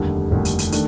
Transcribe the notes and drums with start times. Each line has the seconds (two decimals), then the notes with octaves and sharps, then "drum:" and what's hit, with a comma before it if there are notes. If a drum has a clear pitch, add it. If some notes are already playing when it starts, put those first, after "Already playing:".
Already playing: F1 D#2 D3 G3
0.31 F1 D#2 D3 G3
0.45 drum: hi-hat
0.59 drum: hi-hat
0.72 D#3 A3 D4, drum: hi-hat